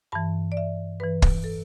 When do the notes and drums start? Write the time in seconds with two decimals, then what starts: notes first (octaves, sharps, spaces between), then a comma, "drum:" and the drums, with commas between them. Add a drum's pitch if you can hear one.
0.12 G2 E3 A5
0.52 D5
0.57 E5
1.00 G2 E3 B4
1.22 drum: kick
1.44 A4